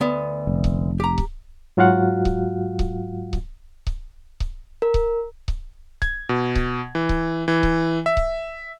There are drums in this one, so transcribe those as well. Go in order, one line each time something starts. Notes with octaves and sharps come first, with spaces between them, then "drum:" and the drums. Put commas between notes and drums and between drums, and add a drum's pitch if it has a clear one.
D2 B3
F1
drum: kick C#1
G4 A#5
drum: kick C#1
G#2 F#3 F4 F#4 F5 F#5
drum: kick C#1
drum: kick C#1
drum: kick C#1
drum: kick C#1
drum: kick C#1
A#4
drum: kick C#1
drum: kick C#1
G#6, drum: kick C#1
B2
drum: kick C#1
E3
drum: kick C#1
E3
drum: kick C#1
E5
drum: kick C#1